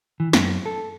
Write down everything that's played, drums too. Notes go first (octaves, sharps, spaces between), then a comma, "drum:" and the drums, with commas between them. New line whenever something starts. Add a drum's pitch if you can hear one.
E3
F#2, drum: snare
A4